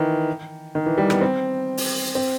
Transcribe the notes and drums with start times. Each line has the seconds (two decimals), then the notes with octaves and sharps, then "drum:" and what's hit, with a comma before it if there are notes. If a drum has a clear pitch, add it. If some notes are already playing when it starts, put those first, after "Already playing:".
Already playing: D#3 E3
0.75 D#3
0.86 E3
0.98 G3
1.10 B3, drum: rim click
1.21 C4
1.77 drum: open hi-hat
2.15 C4